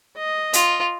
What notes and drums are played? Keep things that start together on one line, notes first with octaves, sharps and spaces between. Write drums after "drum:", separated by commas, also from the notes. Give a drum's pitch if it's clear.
D#5
F4, drum: hi-hat